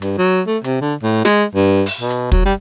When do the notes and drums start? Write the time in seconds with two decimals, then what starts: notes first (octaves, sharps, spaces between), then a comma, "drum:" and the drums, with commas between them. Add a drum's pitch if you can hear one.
0.02 G2, drum: hi-hat
0.18 F#3
0.47 A3
0.64 C3, drum: hi-hat
0.81 D3
1.03 A2
1.25 G#3, drum: snare
1.55 G2
1.86 drum: open hi-hat
2.01 B2
2.10 drum: hi-hat
2.32 F#3, drum: kick
2.45 G3